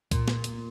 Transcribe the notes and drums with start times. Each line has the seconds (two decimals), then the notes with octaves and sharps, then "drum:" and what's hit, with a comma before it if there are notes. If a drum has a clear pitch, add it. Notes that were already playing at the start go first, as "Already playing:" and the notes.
0.11 A#2, drum: kick C2, hi-hat
0.28 drum: snare
0.44 drum: hi-hat